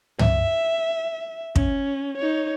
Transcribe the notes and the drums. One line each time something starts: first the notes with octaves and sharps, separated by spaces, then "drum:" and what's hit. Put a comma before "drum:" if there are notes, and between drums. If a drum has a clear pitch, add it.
E5, drum: tom
C#4, drum: kick
D#4 C#5